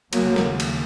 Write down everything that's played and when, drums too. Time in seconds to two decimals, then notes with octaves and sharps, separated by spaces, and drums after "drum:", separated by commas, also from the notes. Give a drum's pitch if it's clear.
0.13 D#2 C#3 F#3 A#3, drum: cymbal
0.36 drum: snare
0.60 drum: cymbal